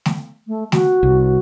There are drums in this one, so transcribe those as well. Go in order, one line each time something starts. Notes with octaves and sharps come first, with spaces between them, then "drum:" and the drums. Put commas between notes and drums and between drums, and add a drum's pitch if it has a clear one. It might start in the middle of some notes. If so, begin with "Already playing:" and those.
drum: snare A3
A3
F#4, drum: snare A3
C2